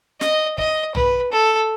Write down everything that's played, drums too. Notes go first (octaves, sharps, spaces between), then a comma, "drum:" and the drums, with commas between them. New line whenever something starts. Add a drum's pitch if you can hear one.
D#5, drum: snare
D#5, drum: kick
B4, drum: tom
A4